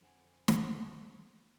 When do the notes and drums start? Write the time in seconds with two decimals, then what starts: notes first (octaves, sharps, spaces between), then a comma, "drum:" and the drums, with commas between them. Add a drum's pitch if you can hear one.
0.01 F2 D3 C5 F#5 G#5
0.48 drum: snare